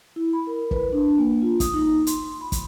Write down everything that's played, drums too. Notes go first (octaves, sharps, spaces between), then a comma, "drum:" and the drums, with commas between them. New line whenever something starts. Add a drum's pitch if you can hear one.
E4
B5
A#4
B4, drum: kick
D4
A#3
F4
D#6, drum: kick, hi-hat
D#4
C6, drum: hi-hat
B5
drum: kick, hi-hat